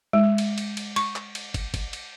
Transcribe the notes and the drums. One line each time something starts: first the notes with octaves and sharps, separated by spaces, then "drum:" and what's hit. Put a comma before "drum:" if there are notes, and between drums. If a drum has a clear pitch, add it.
G#3
drum: cymbal
drum: cymbal
drum: cymbal
C#6, drum: cymbal
drum: clap
drum: cymbal
drum: kick, cymbal
drum: kick, cymbal
drum: cymbal